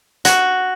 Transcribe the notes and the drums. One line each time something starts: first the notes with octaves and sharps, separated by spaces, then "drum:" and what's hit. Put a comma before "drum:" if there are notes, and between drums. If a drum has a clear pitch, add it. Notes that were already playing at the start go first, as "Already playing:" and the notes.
F#4, drum: hi-hat